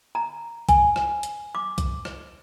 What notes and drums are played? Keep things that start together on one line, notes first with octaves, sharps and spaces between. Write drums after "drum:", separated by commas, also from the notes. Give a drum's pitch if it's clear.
A#5
G#5, drum: kick B1, hi-hat
drum: rim click
drum: hi-hat
D6
drum: kick B1, hi-hat
drum: rim click